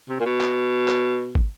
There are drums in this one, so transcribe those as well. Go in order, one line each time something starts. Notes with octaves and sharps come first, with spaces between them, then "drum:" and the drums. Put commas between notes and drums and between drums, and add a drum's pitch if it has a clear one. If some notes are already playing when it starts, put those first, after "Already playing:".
C3
A#2
B2
drum: clap
drum: clap
drum: kick